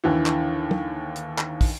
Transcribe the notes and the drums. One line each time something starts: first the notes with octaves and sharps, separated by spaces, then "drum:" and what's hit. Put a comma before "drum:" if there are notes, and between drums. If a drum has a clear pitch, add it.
D#2 D3 E3
drum: clap
drum: tom
drum: hi-hat
drum: clap
drum: kick, open hi-hat